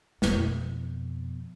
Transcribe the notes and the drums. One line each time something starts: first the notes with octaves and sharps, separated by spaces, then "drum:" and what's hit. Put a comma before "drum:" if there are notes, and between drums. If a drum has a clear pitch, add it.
F2 B2, drum: snare